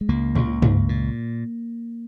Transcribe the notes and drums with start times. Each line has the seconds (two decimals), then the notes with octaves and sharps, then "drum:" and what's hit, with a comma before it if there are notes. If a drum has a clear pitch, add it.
0.01 G#3
0.09 C#2 A#3
0.35 C#2, drum: tom A2
0.62 C#2, drum: tom G2
0.89 A#2